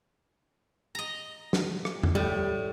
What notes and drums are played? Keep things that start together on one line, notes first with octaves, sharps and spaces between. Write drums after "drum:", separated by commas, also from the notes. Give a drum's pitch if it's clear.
D#5 A#5
drum: snare
drum: rim click
drum: tom E2
A2 G3